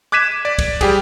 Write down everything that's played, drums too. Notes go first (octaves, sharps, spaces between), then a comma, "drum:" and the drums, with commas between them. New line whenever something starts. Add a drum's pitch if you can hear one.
D6 F#6 G#6 B6 D#7 E7
D5
drum: kick, cymbal
G3 G4 G#4, drum: kick, cymbal